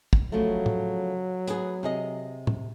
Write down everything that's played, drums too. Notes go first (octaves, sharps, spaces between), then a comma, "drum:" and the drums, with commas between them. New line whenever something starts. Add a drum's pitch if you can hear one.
drum: kick
C#3 F3 F#3 A3
drum: tom A2
B3 G#4, drum: hi-hat
C3 G#4 D#5
drum: tom A2